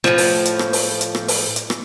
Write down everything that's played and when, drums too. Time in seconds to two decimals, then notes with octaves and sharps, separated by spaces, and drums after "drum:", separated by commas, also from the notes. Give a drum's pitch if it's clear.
0.04 A2 F3, drum: rim click
0.18 drum: open hi-hat
0.45 drum: hi-hat
0.59 drum: rim click
0.73 drum: open hi-hat
1.01 drum: hi-hat
1.15 drum: rim click
1.28 drum: open hi-hat
1.56 drum: hi-hat
1.70 drum: rim click